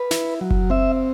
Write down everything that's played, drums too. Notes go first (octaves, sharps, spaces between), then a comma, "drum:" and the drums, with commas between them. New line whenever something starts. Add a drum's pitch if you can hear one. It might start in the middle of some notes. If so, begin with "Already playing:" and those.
Already playing: B4
E4, drum: snare
F#3
drum: kick F#1
C4 E5